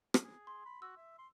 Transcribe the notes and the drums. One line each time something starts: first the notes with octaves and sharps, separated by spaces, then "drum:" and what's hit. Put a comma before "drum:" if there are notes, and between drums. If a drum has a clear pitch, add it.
drum: rim click
G#4
C6
B5
F#4 E6
E5
C6